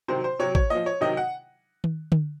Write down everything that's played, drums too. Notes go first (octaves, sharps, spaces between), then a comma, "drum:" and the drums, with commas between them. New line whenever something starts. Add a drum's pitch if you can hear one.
C3 D#3 F#3 C5
C5
C3 F#3 C#5
C#5, drum: kick
A#2 F3 D#5
C#5
C3 D#3 F#3 D#5
F#5
drum: tom D#3
drum: tom D3